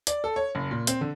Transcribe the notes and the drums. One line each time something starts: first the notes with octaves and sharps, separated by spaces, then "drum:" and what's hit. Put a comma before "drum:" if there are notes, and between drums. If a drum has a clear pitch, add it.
D5, drum: hi-hat
A4
C#5
F#1
A#2
C4, drum: hi-hat
D3